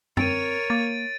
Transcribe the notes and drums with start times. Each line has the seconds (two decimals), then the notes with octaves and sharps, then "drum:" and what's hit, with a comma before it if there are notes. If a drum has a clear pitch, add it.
0.17 C4 A#4 C#5 A6 D7 D#7, drum: tom F#2
0.70 A#3 A6